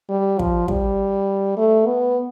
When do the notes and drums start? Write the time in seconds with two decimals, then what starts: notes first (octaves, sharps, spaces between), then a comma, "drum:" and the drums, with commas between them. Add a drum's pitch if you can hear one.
0.10 G3
0.39 F3, drum: kick
0.68 G3, drum: kick
1.57 A3
1.87 B3